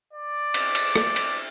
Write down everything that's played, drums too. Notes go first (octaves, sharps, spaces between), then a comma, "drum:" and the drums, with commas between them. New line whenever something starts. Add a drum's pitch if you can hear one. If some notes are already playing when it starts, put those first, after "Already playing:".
D5
drum: cymbal
drum: cymbal
drum: rim click
drum: cymbal